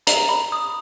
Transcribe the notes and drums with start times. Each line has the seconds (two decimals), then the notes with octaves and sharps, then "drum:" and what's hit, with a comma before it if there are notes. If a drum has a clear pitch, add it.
0.07 A#5, drum: hi-hat
0.29 B5
0.52 D#6